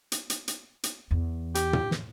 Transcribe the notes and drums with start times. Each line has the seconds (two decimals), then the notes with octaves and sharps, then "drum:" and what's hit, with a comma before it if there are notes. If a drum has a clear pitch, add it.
0.12 drum: hi-hat
0.30 drum: hi-hat
0.48 drum: hi-hat
0.83 drum: hi-hat
1.11 E2
1.55 G4, drum: hi-hat
1.73 drum: tom
1.91 drum: snare